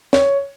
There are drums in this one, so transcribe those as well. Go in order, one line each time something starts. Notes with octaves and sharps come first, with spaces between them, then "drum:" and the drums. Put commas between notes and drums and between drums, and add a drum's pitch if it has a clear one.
C#5, drum: snare